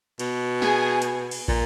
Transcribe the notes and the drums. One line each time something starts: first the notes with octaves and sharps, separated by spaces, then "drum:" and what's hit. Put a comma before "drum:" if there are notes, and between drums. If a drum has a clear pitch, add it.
B2, drum: cymbal
G#4 G#5, drum: snare
drum: hi-hat
drum: cymbal
A#2, drum: kick